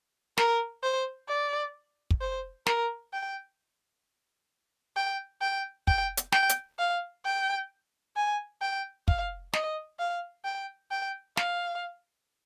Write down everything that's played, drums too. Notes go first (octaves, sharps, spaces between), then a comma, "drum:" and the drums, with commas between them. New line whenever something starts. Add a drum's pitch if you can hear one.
A#4, drum: snare
C5
D5
drum: kick
C5
A#4, drum: snare
G5
G5
G5
G5, drum: kick
drum: hi-hat
G5, drum: snare
drum: hi-hat
F5
G5
G#5
G5
F5, drum: kick
D#5, drum: snare
F5
G5
G5
F5, drum: snare